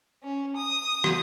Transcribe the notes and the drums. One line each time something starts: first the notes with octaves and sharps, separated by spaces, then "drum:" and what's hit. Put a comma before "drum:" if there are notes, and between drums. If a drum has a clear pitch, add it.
C#4
D#6
drum: rim click